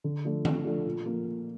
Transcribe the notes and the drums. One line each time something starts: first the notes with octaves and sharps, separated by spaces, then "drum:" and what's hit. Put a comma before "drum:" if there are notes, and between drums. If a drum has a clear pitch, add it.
D3
F3 A3 D4 A4
D3, drum: tom D#3
F3 A3 D4 A4
A#2
F3 A#3
A#2